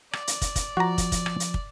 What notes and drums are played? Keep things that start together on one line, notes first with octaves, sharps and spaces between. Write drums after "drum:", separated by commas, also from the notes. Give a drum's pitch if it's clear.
D5, drum: rim click
drum: hi-hat
drum: kick, hi-hat
drum: kick, hi-hat
F3 F#4 A#5
drum: kick, hi-hat
drum: kick, hi-hat
drum: rim click
drum: hi-hat
drum: kick